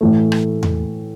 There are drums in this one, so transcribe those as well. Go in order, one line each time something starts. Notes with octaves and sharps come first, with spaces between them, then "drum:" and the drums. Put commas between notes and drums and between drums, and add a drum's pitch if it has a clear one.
A2 E3 A3
drum: rim click
drum: tom E2